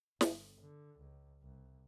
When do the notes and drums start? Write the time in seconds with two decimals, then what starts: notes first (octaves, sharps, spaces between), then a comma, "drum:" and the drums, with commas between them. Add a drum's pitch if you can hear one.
0.21 G1, drum: snare
0.60 D3
0.98 C#2
1.42 C2